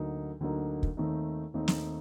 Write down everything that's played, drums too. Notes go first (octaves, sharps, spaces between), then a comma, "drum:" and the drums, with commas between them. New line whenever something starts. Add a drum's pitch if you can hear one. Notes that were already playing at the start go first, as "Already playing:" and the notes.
Already playing: D2 D3 F#3 A#3 D#4
D2 D3 F#3 A#3 D#4
drum: kick
D#2 D#3 A3 C4 D#4
D#2 D#3 A3 C4 D#4
drum: snare